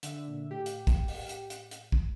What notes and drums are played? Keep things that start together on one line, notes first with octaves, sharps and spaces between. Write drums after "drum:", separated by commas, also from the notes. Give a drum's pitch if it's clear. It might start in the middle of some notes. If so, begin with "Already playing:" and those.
D3 E5, drum: hi-hat
A#2
A2 G4
drum: hi-hat
drum: kick, hi-hat
drum: open hi-hat
drum: hi-hat
drum: hi-hat
drum: hi-hat
drum: kick